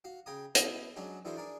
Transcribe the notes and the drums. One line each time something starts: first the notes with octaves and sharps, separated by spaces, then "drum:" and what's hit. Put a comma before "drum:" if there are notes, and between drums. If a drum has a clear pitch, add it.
F#4 F5
C#3 G5 G#5 A#5 D#6
B2 E4 D#5, drum: hi-hat
F#3 G#3 C#4 D4 F#4
D3 E3 F#4 G#4 A#4 C5
D4 G#4 A#4 D5